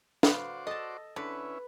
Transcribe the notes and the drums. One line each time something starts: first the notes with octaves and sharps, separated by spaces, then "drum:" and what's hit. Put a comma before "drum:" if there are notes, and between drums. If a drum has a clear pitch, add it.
D3 F#4 B4 C5 D5 F5, drum: snare
A4 D#5 A5
D3 C#4 E4 B4